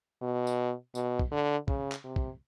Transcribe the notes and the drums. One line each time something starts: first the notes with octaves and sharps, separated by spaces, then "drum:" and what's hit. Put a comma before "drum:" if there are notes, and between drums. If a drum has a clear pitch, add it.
B2
drum: tambourine
B2, drum: tambourine
drum: kick
D3
C#3, drum: kick
drum: clap
C3
drum: kick